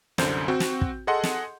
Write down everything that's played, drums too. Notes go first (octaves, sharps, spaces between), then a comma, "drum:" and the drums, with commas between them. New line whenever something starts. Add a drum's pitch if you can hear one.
C2 F#2 D3 C5 G6, drum: snare
C4 F#4 G5
drum: snare
drum: kick
G#4 A4 D#5 F#5 C6
drum: snare